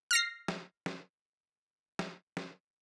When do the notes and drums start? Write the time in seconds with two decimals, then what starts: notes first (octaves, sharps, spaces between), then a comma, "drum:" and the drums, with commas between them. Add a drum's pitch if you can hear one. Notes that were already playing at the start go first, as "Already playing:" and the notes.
0.11 F6 A#6 C7
0.48 drum: snare
0.86 drum: snare
1.99 drum: snare
2.37 drum: snare